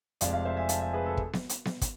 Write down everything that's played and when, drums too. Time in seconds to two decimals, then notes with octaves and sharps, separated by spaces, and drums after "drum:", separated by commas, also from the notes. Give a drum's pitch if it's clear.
0.21 F1 F2 C3 G#3 D5 F5, drum: hi-hat
0.33 D5 F5
0.45 C5 E5
0.57 E5 G#5
0.69 F5 A5, drum: hi-hat
0.81 E5 G#5
0.93 G#4 B4
1.06 A4
1.17 drum: kick
1.33 drum: snare B3
1.49 drum: hi-hat
1.65 drum: snare B3
1.81 drum: kick, hi-hat